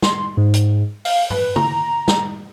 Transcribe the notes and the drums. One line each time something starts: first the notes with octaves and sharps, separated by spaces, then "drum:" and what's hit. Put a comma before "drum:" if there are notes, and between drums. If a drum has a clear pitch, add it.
C6, drum: snare
G#2
drum: hi-hat
F5, drum: open hi-hat
B4, drum: tom G2
A#5, drum: tom
drum: snare